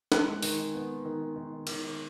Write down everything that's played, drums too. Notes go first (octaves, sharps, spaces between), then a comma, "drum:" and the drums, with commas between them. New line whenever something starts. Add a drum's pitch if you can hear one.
G#3 F#6, drum: snare
D#3, drum: open hi-hat
B3
D#3
D#3
D#3, drum: cymbal